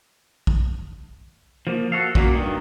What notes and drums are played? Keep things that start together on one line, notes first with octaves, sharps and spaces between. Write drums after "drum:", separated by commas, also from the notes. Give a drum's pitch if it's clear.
drum: kick
F3 A#3
F#4 A4 F5
F#2 A#2 F#3 A#3, drum: kick
G2 D#3